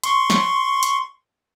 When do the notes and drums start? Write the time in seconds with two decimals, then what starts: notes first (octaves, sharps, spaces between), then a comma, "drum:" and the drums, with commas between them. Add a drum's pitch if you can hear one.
0.04 C6 C#6, drum: hi-hat
0.30 drum: snare
0.83 drum: hi-hat